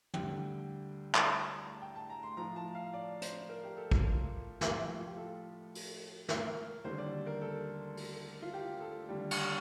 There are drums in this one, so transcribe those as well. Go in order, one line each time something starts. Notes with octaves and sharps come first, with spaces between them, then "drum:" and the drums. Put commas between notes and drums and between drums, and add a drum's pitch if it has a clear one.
D2 D3 G3 G5, drum: tom
A#5, drum: clap
A5
G5
A5
A#5
C6
A2 F3 A#5
A5
F5
D5
C5, drum: hi-hat
A#4
G4
A4
F4, drum: kick
A2 F3 G4, drum: snare
F4
G4
A4
drum: open hi-hat
A#4, drum: snare
D#2 D3 G3 C5
D5
A#4
A4
drum: open hi-hat
F4
G4
A4
D#2 D3 G3
drum: cymbal